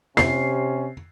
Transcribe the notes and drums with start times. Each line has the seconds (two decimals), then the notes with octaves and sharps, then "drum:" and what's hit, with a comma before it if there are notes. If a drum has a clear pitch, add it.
0.17 C3 C#4 C7, drum: snare